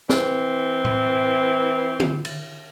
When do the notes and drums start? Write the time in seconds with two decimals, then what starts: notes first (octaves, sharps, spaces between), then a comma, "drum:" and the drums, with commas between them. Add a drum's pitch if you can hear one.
0.09 E3 C4, drum: snare
0.85 drum: tom A2
2.00 drum: tom
2.25 drum: cymbal